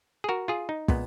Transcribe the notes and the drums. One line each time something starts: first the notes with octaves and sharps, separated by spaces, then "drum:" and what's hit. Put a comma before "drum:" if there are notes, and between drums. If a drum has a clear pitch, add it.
G#4
F#4 A#4
F4 G#4
D#4
A#2 G#3 B3, drum: kick